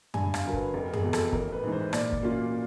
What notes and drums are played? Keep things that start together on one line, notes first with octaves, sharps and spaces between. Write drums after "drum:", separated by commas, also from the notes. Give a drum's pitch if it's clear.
G2 G#5, drum: tom F#2
F5, drum: rim click
D3 F#3 A#4
B4, drum: kick
F1 A#4
G#4, drum: tom F#2
E2 B2
A4, drum: rim click
A1 A#4, drum: kick
B4
G#2 E3
C5
A#2 D5, drum: rim click
drum: kick
F#3 A#3 C#4 F4